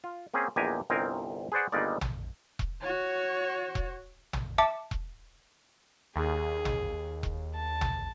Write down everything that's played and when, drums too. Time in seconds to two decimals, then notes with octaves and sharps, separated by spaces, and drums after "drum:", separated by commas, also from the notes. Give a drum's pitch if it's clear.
0.04 F4
0.34 A#3 C4 C#4 G#4
0.56 A#1 E2 G#3 G4 G#5 A#5
0.90 G1 C2 C4 A#4 D#5 G#5
1.52 G#4 B4 C5 D5 F#5
1.72 G1 D#2 G3 G#3 D#4 D5
2.01 drum: tom
2.59 drum: kick E1
2.81 F#4 C#5
3.75 drum: kick E1
4.33 drum: tom
4.58 E5 A5 D6 C#7
4.91 drum: kick E1
6.16 D#2 G#4
6.65 drum: tom
7.23 drum: kick E1
7.54 A5
7.81 drum: tom